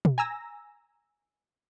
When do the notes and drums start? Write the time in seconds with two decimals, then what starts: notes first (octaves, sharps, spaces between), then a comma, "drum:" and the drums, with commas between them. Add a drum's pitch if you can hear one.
0.05 drum: tom
0.18 G#5 A#5 E6 A#6